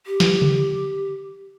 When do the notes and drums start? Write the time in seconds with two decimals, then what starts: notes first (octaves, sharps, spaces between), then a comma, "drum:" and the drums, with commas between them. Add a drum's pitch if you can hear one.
0.06 G4
0.20 drum: snare
0.42 drum: tom C#3